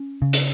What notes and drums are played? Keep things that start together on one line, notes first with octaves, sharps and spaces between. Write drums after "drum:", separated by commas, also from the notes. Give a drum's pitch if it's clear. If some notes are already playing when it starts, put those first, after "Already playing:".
Already playing: C#4
C#3
drum: hi-hat